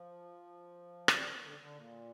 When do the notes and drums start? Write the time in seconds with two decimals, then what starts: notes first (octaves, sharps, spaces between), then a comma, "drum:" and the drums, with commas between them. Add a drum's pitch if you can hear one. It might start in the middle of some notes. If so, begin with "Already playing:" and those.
Already playing: F3
1.08 G3, drum: rim click
1.25 D#3
1.36 D#3
1.42 D3
1.59 D3
1.76 A#2